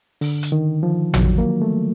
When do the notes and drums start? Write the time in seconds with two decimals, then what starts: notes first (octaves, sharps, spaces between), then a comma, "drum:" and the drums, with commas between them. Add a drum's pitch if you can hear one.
0.21 D3, drum: open hi-hat
0.43 drum: hi-hat
0.52 D#3
0.83 F3
1.14 F#3, drum: tom A1
1.38 A#3
1.62 A3